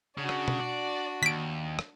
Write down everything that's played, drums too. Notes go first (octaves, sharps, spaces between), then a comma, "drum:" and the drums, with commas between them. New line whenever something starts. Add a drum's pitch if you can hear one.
C#3 D4 F#4
drum: rim click
drum: tom
D5
D#2 B6 D7
drum: rim click